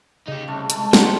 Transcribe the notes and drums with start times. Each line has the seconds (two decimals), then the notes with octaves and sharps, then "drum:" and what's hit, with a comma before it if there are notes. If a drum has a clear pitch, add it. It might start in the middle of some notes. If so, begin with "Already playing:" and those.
0.28 C#3 D#4 G4
0.48 C2 A3
0.70 G#3 A3 A5, drum: hi-hat
0.93 D3 F#5 G5 A#5 C6, drum: snare